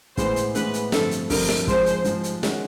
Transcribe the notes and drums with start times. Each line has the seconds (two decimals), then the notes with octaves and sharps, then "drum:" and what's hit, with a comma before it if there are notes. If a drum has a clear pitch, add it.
0.17 A2 E3 G#3 B3 C5, drum: kick, hi-hat
0.36 drum: hi-hat
0.55 A2 E3 G#3 B3 B4, drum: hi-hat
0.74 drum: hi-hat
0.92 G2 D3 F3 A3 C4 A4, drum: snare
1.11 drum: hi-hat
1.30 G2 D3 F3 A3 C4 A#4, drum: kick, open hi-hat
1.49 drum: snare
1.67 G#2 F3 G#3 C5, drum: kick, hi-hat
1.86 drum: hi-hat
2.04 G#2 F3 G#3, drum: hi-hat
2.24 drum: hi-hat
2.43 D#3 G#3 C#4 F#4, drum: snare